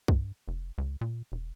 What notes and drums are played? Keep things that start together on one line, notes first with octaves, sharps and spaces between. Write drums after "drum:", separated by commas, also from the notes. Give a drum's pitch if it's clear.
G2, drum: kick B1
F1
C#2
A#2
E1